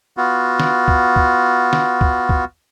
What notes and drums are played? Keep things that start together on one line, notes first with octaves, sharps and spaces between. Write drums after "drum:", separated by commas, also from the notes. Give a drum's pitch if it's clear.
B3 F4 F#4
drum: snare
drum: kick C#2
drum: kick C#2
drum: snare
drum: kick C#2
drum: kick C#2